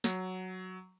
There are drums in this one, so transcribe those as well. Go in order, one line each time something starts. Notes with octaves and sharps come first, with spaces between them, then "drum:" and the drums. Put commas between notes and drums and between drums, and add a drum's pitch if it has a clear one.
F#3, drum: snare